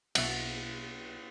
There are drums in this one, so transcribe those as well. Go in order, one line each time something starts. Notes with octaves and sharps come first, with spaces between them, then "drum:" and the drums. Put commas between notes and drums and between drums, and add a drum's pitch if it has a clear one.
B1 B2 E5 F#5, drum: cymbal